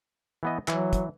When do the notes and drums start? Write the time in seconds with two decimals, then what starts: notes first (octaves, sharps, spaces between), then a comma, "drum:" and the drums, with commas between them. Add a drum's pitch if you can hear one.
0.43 E3 B3 D#5
0.68 E3 F#3, drum: clap
0.93 drum: kick, hi-hat